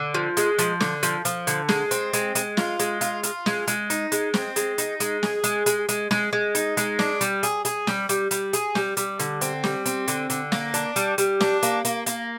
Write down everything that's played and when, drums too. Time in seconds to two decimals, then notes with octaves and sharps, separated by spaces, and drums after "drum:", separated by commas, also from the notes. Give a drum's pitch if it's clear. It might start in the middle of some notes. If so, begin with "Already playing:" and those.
Already playing: D3
0.14 F3
0.37 G#3, drum: hi-hat
0.59 F3, drum: hi-hat
0.80 D3, drum: snare
1.03 F3, drum: hi-hat
1.25 F3, drum: hi-hat
1.47 D3, drum: hi-hat
1.69 G#3, drum: snare
1.91 C4, drum: hi-hat
2.13 G#3, drum: hi-hat
2.35 G#3, drum: hi-hat
2.57 F4, drum: snare
2.79 G#3, drum: hi-hat
3.01 F4, drum: hi-hat
3.23 F4, drum: hi-hat
3.46 G#3, drum: snare
3.68 G#3, drum: hi-hat
3.90 D#4, drum: hi-hat
4.12 G#3, drum: hi-hat
4.34 C4, drum: snare
4.56 G#3, drum: hi-hat
4.78 D#4, drum: hi-hat
5.00 G#3, drum: hi-hat
5.23 G#4, drum: snare
5.44 G#3, drum: hi-hat
5.66 G#3, drum: hi-hat
5.89 G#3, drum: hi-hat
6.11 G#3, drum: snare
6.33 G#3
6.55 D#4, drum: hi-hat
6.77 G#3, drum: hi-hat
6.99 D4, drum: snare
7.21 G3, drum: hi-hat
7.43 G#4, drum: hi-hat
7.65 G#4, drum: hi-hat
7.87 G3, drum: snare
8.09 G3, drum: hi-hat
8.31 G3, drum: hi-hat
8.53 G#4, drum: hi-hat
8.75 G3, drum: snare
8.97 G3, drum: hi-hat
9.19 D3, drum: hi-hat
9.41 C4, drum: hi-hat
9.64 G3, drum: snare
9.86 C4, drum: hi-hat
10.08 D3, drum: hi-hat
10.30 D3, drum: hi-hat
10.52 A#3, drum: snare
10.74 D4, drum: hi-hat
10.96 G3, drum: hi-hat
11.18 G3, drum: hi-hat
11.41 D4, drum: snare
11.63 A#3, drum: hi-hat
11.85 A#3, drum: hi-hat
12.06 A#3, drum: hi-hat